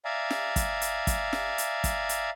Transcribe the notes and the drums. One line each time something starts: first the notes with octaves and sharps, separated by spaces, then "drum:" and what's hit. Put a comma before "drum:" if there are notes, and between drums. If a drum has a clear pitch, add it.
D5 E5 F5 G#5 A#5
drum: snare
drum: kick, hi-hat
drum: hi-hat
drum: kick, hi-hat
drum: snare
drum: hi-hat
drum: kick, hi-hat
drum: hi-hat